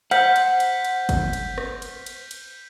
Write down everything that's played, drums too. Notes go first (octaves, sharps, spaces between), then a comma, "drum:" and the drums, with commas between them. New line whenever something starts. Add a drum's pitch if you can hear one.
C5 F#5 F6 G6 B6, drum: cymbal
drum: cymbal
drum: cymbal
drum: cymbal
drum: kick, cymbal
drum: cymbal
drum: rim click
drum: cymbal
drum: cymbal
drum: cymbal